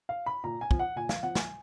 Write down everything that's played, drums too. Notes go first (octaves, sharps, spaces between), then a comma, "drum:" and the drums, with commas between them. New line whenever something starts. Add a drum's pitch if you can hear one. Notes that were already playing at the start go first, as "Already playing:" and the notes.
F5
B5
A#2 A#5
G#5
F3, drum: kick
F#5
A#2 G#5
F5, drum: snare
F3 F#5
G#5, drum: snare